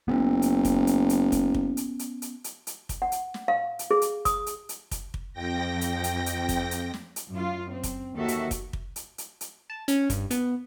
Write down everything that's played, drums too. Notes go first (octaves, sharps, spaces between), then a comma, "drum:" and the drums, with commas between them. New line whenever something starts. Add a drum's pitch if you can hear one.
F#1 B3 C#4
drum: hi-hat
drum: kick, hi-hat
drum: hi-hat
drum: hi-hat
drum: kick, hi-hat
drum: kick
drum: hi-hat
drum: hi-hat
drum: hi-hat
drum: hi-hat
drum: hi-hat
drum: kick, hi-hat
F#5
drum: hi-hat
drum: snare
F5
drum: hi-hat
G#4
drum: hi-hat
D#6, drum: kick, hi-hat
drum: hi-hat
drum: hi-hat
drum: kick, hi-hat
drum: kick
F2 G5 A#6
drum: hi-hat
drum: hi-hat
drum: hi-hat
drum: kick, hi-hat
drum: hi-hat
drum: snare
drum: hi-hat
F#2 F4
C4
drum: kick, hi-hat
D#2 D#3 F#4 A4 E5
drum: hi-hat
drum: kick, hi-hat
drum: kick
drum: hi-hat
drum: hi-hat
drum: hi-hat
A5
C#4, drum: hi-hat
G2, drum: kick, hi-hat
B3, drum: hi-hat